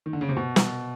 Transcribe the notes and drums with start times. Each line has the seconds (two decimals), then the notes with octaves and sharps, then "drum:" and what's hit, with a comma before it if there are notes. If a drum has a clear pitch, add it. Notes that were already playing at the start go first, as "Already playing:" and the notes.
0.06 D#3
0.13 D3
0.21 C#3
0.29 C3
0.37 B2
0.56 drum: snare